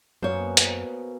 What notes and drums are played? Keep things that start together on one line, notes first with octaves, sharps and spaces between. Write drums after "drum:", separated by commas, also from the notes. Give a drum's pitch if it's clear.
F#2 B2 A#3 G#4 C5 C#5
drum: hi-hat